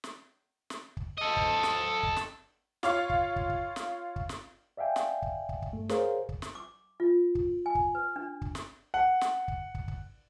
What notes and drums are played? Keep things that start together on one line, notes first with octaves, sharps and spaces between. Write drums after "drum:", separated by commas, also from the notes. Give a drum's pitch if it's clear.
drum: snare
drum: snare
drum: kick
A4 D#5
drum: kick
drum: snare
drum: kick
drum: snare
F4 C#5 F5, drum: snare
drum: kick
drum: kick
drum: kick
drum: snare
drum: kick
drum: snare
D5 E5 F5 G5 G#5
drum: snare
drum: kick
drum: kick
drum: kick
G2 A3
G#4 A#4 C5 C#5 F5, drum: snare
drum: kick
drum: snare
D6
F4
drum: kick
G#5
drum: kick
B4
D4
drum: kick
drum: snare
F#5
drum: snare
drum: kick
drum: kick
drum: kick